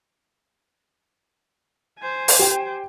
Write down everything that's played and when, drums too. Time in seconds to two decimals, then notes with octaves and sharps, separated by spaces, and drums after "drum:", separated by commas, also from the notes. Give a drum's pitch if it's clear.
1.99 C5 G#5
2.28 drum: open hi-hat
2.39 G4 G5